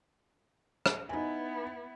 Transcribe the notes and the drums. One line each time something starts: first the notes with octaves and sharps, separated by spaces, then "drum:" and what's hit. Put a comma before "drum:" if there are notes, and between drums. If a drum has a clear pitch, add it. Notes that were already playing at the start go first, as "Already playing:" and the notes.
drum: rim click
B3 D#4 E4 G#5